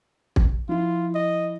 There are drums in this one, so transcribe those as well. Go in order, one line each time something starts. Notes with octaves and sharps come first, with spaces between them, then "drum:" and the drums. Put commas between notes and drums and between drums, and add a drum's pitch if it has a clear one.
drum: kick
F3 E4 F4
D#5